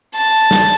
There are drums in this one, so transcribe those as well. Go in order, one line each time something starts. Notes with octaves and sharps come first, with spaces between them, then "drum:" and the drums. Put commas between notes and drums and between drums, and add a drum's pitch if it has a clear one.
A5
drum: snare